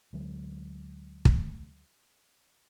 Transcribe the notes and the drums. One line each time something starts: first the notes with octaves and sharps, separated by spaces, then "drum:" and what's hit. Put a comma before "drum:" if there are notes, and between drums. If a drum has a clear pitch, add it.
D2 D3 F#3 G#3
drum: kick